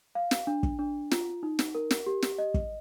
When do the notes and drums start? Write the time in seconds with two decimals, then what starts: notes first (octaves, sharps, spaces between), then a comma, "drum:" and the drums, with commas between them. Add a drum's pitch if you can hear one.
0.15 F5
0.31 drum: snare
0.47 D4
0.63 drum: kick
0.79 D4
1.11 F4, drum: snare
1.43 D#4
1.59 drum: snare
1.75 A#4
1.91 drum: snare
2.06 G4
2.22 drum: snare
2.38 D#5
2.54 drum: kick